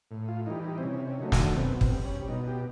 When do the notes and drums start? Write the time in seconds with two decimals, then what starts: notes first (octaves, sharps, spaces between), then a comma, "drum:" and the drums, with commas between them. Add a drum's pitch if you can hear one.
0.11 A2
0.28 F4
0.46 E3 G3 D#4
0.65 D#4
0.78 C4
0.83 C3 C#4
1.08 C#4
1.19 D#3 F#3 A3
1.32 D4, drum: snare
1.56 B2 C4
1.81 C4, drum: kick
1.92 G3
2.05 C#4
2.28 B2 D#4
2.48 G4